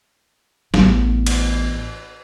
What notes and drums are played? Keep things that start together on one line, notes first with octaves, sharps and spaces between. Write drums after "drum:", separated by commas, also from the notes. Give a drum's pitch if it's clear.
A1 B3, drum: snare
drum: cymbal